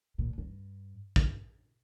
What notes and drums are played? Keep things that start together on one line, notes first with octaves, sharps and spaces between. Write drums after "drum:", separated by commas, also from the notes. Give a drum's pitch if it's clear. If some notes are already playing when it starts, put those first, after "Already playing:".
A#2
G2
drum: kick